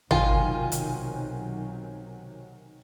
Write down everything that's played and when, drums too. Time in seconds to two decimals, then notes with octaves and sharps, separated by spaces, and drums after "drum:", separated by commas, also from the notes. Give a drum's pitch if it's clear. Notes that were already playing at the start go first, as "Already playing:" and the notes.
0.11 B1 C3 D#3 F#3 F4 G5 G#5, drum: tom G#1
0.72 drum: hi-hat